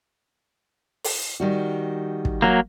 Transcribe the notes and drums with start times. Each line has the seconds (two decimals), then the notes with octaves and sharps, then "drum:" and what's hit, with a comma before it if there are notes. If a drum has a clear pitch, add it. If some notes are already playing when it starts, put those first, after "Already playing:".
1.04 drum: open hi-hat
1.40 D#3 G3 F#4
2.25 drum: kick
2.42 F#3 A#3